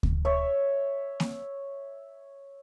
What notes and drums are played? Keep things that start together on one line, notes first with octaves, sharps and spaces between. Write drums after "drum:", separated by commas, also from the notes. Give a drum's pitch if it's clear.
drum: kick D2
C#5 E5 C#6
drum: snare A#3